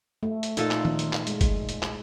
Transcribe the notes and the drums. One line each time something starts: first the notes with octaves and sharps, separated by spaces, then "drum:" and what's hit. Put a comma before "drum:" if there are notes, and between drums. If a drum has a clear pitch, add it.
A3
drum: hi-hat
A#2 D#4 F4 A4 F5, drum: hi-hat
drum: clap
drum: tom D#3
drum: hi-hat
drum: clap
G#3, drum: hi-hat
drum: kick, hi-hat
drum: hi-hat
drum: clap